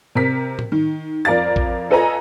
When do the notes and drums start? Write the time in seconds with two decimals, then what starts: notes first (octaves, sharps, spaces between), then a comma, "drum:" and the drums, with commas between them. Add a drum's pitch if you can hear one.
0.15 C3 A#4 B6
0.59 drum: tom A2
0.72 D#3
1.25 F2 A#4 D5 F5 A6
1.56 drum: kick
1.90 F4 A4 B4 D#5 G#5 A#5